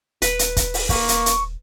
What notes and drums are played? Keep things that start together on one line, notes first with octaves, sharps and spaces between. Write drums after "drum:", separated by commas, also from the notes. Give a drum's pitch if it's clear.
D#1 B4, drum: hi-hat
drum: hi-hat
drum: kick, hi-hat
drum: open hi-hat
A#3 C#6, drum: kick, open hi-hat
drum: hi-hat
drum: hi-hat